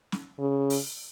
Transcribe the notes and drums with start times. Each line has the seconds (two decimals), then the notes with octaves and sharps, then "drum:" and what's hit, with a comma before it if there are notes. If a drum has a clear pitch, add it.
0.12 drum: snare
0.40 C#3
0.70 drum: open hi-hat